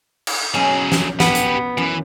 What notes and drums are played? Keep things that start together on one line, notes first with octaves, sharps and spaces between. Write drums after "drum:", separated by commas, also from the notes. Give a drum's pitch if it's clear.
drum: cymbal
B2 F#3 C#4 G#4 C#5
drum: snare
B3 G4 B4, drum: snare
drum: hi-hat
F#2 E3